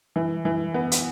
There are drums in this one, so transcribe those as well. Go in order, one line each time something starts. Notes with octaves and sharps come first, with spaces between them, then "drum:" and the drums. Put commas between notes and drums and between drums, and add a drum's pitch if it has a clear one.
E3
E3
B3
drum: hi-hat